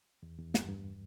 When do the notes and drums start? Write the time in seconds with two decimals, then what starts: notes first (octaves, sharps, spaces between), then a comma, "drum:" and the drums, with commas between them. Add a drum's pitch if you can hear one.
0.23 E2
0.38 E2
0.54 G2, drum: snare
0.68 G2